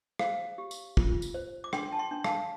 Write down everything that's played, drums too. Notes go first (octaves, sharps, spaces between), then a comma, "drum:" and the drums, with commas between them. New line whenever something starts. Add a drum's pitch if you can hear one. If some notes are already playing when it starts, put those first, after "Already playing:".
C5 F5, drum: rim click
G4
drum: tambourine
F4, drum: kick
drum: tambourine
C5
D6
D4 G5 C6, drum: rim click
A5
G5 C6
D4
F5 A5, drum: rim click